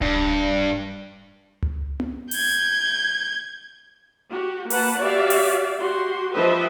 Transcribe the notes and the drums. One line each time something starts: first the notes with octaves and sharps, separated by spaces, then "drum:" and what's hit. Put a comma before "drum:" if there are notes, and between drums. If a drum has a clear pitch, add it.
G2, drum: kick D1
drum: tom C#2
drum: tom B3
G6 G#6, drum: open hi-hat
F#4 G4
A#3 B4 F#5 A5, drum: open hi-hat
F#4 G4 D5 E5 F5
drum: open hi-hat
F#4 G4 C6
F3 G4 B4 C5 D#5 E5